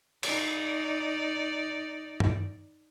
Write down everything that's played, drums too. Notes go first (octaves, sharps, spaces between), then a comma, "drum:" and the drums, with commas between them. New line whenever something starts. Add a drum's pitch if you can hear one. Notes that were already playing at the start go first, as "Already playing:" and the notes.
D#4 D5, drum: cymbal
drum: tom G2